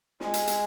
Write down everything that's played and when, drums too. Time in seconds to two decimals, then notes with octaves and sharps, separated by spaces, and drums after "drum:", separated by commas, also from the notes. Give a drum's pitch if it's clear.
0.20 G#3, drum: snare
0.34 drum: hi-hat
0.47 drum: hi-hat